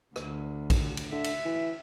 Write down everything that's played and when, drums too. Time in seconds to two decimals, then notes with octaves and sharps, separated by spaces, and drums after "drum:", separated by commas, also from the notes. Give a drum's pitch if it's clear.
0.16 D2, drum: rim click
0.70 drum: kick A#1, cymbal
0.97 drum: cymbal
1.12 D3 E5
1.24 drum: cymbal
1.45 E3